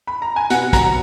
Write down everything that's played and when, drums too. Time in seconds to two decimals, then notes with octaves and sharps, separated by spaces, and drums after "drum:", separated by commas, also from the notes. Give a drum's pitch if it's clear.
0.07 B5
0.22 A#5
0.36 G#5
0.50 B2 F#5, drum: hi-hat
0.73 F#3 A#5, drum: kick, hi-hat